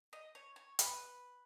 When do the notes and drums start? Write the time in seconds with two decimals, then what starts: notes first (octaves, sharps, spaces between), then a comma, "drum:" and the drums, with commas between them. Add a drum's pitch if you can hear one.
0.13 D#5
0.35 C#5
0.56 C#5
0.79 B4, drum: hi-hat